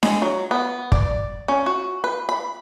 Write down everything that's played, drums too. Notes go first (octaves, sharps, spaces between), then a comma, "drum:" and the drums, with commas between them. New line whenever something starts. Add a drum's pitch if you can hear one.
G#3, drum: snare D4
F#3
B3
D5, drum: kick
C#4
F#4
B4
B5